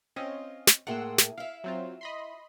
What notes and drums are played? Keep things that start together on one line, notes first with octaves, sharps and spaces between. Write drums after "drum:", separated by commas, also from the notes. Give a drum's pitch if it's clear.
C4 C#4 F4 D#5
drum: snare
A2 A#3 G#4 F#5 C6 E6
drum: snare
E4 E5 F5
F#3 C4 F4
D#5 B5 C6